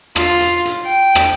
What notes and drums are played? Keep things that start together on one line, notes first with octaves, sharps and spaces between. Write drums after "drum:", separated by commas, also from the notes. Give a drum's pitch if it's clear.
F4, drum: rim click
drum: hi-hat
drum: hi-hat
G5
drum: rim click